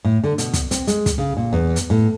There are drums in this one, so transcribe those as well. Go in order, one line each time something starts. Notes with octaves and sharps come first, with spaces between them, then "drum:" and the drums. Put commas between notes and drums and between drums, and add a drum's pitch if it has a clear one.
A2
D3
B2, drum: hi-hat
drum: kick, hi-hat
C4, drum: hi-hat
G#3, drum: hi-hat
drum: kick, hi-hat
C#3
A#2
E2
drum: hi-hat
A2